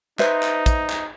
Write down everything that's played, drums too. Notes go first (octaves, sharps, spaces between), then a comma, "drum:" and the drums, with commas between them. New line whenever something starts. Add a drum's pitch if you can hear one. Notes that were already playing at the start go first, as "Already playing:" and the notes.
D#4 B4 C5 E5, drum: clap
drum: clap
drum: kick, hi-hat
drum: clap